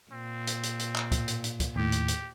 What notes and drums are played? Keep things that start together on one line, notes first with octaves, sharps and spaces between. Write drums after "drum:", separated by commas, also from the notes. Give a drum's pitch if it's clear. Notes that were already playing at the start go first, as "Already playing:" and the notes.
A#2 C4
drum: hi-hat
drum: hi-hat
drum: hi-hat
drum: clap
drum: kick, hi-hat
drum: hi-hat
drum: hi-hat
drum: kick, hi-hat
D#2 A2 G4
drum: hi-hat
drum: hi-hat